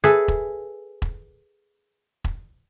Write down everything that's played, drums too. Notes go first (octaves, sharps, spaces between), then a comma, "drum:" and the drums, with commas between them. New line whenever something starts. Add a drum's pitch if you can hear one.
G#4 A4 B4 E5
drum: kick E1
drum: kick E1
drum: kick E1